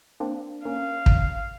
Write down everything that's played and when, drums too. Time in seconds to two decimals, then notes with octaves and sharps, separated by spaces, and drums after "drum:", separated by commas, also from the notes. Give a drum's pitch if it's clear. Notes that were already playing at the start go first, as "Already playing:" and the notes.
0.20 A#3 C4 D4
0.65 A#3 C#4 F5
1.06 drum: kick